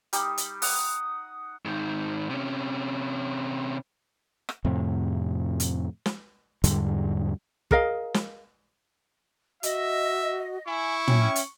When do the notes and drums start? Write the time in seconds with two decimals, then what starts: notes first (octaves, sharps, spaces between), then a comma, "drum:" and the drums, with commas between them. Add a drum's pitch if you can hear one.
0.13 G3 D#4 G4, drum: hi-hat
0.38 drum: hi-hat
0.62 F#5 D#6, drum: open hi-hat
1.65 G#2 D#3
2.30 C3 C#4
4.49 drum: rim click
4.65 F2 A2 C3
5.60 drum: hi-hat
6.06 drum: snare
6.64 E2 G#2 D3 G3, drum: hi-hat
7.71 G#4 A#4 D#5 F5, drum: kick
8.14 drum: snare
9.63 F#4 D#5 E5, drum: hi-hat
10.67 E4 G#5 C#6
11.08 C#4 E5 G5, drum: tom
11.36 drum: hi-hat